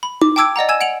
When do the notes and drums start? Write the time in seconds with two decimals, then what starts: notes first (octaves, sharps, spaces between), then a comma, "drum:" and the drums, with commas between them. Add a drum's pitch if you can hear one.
0.03 B5
0.21 D6, drum: tom D#4
0.36 G5 A5 D6 E6 G#6 D7
0.56 D5 D#5 F#5 A#5
0.69 G#5 E6 G#6 E7
0.80 F#5 D7 F7 F#7